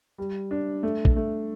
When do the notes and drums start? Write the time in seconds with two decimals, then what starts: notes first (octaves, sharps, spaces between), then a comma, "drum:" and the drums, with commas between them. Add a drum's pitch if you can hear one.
0.18 G3
0.51 D4
0.83 A3
1.05 drum: kick
1.16 A3